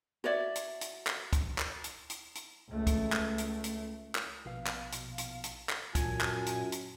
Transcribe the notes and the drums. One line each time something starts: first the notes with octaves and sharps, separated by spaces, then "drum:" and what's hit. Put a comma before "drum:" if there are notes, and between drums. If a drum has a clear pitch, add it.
F#4 C#5 D5 E5
drum: hi-hat
drum: hi-hat
drum: clap
drum: kick, hi-hat
drum: clap
drum: hi-hat
drum: hi-hat
drum: hi-hat
C#2 A3
drum: kick, hi-hat
drum: clap
drum: hi-hat
drum: hi-hat
drum: clap
A#1 B2 F5
drum: clap
drum: hi-hat
drum: hi-hat
drum: hi-hat
drum: clap
F#2 A#2 G#5 A5, drum: kick, hi-hat
drum: clap
drum: hi-hat
drum: hi-hat